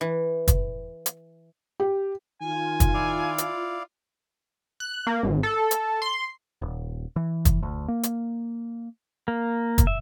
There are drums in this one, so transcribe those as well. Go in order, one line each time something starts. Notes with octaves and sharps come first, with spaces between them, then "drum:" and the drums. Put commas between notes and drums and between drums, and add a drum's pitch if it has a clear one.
E3
drum: kick, hi-hat
drum: hi-hat
G4
D#3 F4 G#5
drum: kick, hi-hat
E4 D5 F5
drum: hi-hat
F#6
A#3
G#1
A4
drum: hi-hat
C6
D#1
E3
drum: kick, hi-hat
D2
A#3
drum: hi-hat
A#3
drum: kick, hi-hat
E5